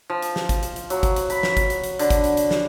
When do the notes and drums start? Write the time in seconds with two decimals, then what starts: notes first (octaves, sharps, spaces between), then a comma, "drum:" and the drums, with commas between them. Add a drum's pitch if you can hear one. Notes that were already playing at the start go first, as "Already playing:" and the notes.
0.10 F3
0.22 drum: hi-hat
0.36 drum: snare
0.49 drum: kick G#1, hi-hat
0.63 drum: hi-hat
0.76 drum: hi-hat
0.90 F#3, drum: hi-hat
1.03 drum: kick G#1, hi-hat
1.16 drum: hi-hat
1.30 B5, drum: hi-hat
1.43 drum: snare
1.57 drum: kick G#1, hi-hat
1.70 drum: hi-hat
1.84 drum: hi-hat
1.99 D3, drum: hi-hat
2.10 drum: kick G#1, hi-hat
2.24 drum: hi-hat
2.37 drum: hi-hat
2.51 drum: snare